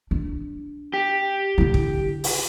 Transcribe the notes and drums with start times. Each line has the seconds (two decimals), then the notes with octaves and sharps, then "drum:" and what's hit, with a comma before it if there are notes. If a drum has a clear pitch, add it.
0.11 D4
0.93 G4
1.58 D3 E4
1.74 drum: kick
2.24 drum: open hi-hat